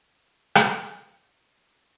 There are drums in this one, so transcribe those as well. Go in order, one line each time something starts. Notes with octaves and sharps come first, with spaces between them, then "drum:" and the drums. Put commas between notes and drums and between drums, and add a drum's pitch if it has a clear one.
A#1 F#2 F4
drum: rim click